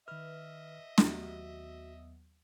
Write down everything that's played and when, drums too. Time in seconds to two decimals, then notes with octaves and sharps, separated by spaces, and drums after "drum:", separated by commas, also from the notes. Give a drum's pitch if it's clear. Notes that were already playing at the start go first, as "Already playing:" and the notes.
0.08 D#3 B4 D#5 E5 F6
0.98 D#2 F#3 A3 B3 F#4 G4, drum: snare